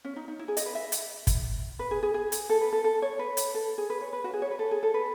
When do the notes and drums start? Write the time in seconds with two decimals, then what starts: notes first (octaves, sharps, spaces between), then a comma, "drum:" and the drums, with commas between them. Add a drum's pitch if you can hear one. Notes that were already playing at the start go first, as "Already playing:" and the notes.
0.05 C#4
0.16 D#4
0.28 D#4
0.39 E4
0.48 G#4
0.57 D#5, drum: hi-hat
0.66 B4
0.75 E5
0.92 drum: hi-hat
1.27 drum: kick G1, hi-hat
1.79 B4
1.91 G#4
2.03 G#4
2.14 G#4
2.32 drum: hi-hat
2.50 A4
2.61 B4
2.73 A4
2.84 A4
3.02 C#5
3.19 B4
3.37 drum: hi-hat
3.54 A4
3.78 G#4
3.90 B4
4.01 C#5
4.13 B4
4.24 F#4
4.33 G#4
4.42 C#5
4.51 B4
4.59 A4
4.71 G#4
4.83 A4
4.94 B4